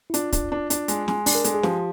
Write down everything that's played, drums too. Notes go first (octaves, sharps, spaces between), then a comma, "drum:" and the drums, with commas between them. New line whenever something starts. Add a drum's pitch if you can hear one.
E4
D4 F4, drum: hi-hat
D4, drum: kick, hi-hat
D4
D4, drum: hi-hat
G#3, drum: hi-hat
G#3, drum: snare
D4, drum: open hi-hat
A#4
G#3 A4, drum: hi-hat
G#4
F3 G4, drum: snare